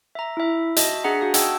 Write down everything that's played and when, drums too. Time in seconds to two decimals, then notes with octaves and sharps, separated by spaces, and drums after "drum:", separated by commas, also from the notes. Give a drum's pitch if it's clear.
0.15 E5 A#5
0.37 E4 E5
0.76 F#4 D#5 E5 A5, drum: hi-hat
1.04 D4 G#4 F#5 A#5 B6
1.21 F#4 F5 D#6
1.34 D#5 F#5 G5 A5 E6 G#6, drum: hi-hat